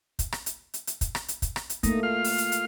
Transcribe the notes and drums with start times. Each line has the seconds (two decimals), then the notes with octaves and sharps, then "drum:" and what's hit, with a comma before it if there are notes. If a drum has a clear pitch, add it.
0.19 drum: kick, hi-hat
0.32 drum: rim click
0.46 drum: hi-hat
0.74 drum: hi-hat
0.87 drum: hi-hat
1.01 drum: kick, hi-hat
1.15 drum: rim click
1.28 drum: hi-hat
1.42 drum: kick, hi-hat
1.56 drum: rim click
1.70 drum: hi-hat
1.83 A3 A#3 D#4, drum: kick, hi-hat
2.03 F4 F5
2.24 drum: open hi-hat
2.38 drum: hi-hat
2.52 drum: hi-hat